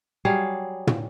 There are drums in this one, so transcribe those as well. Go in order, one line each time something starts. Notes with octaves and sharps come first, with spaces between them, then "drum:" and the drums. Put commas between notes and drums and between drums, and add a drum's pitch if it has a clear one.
F#3 G3 G#4 F5
drum: tom